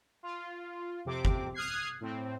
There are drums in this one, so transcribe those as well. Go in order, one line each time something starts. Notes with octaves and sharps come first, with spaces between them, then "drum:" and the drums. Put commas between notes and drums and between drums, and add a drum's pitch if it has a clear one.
F4
F2 C3 C4 D6
drum: kick G1
D#6 F6 F#6 G#6 C7
A2 C4